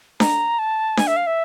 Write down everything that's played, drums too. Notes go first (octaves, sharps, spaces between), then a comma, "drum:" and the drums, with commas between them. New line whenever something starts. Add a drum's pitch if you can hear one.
A#5, drum: snare D4
A5
G#5, drum: snare D4
E5
F5
E5